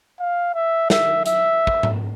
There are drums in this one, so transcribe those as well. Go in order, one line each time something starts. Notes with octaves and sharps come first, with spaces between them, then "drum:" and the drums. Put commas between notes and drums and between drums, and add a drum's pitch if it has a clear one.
F5
E5
E5, drum: snare
E5, drum: hi-hat
drum: kick
drum: tom G#2